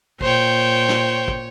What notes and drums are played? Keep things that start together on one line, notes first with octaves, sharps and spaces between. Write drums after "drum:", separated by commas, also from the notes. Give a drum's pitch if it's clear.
A#2 C5 C#5 G5, drum: kick
drum: snare
drum: kick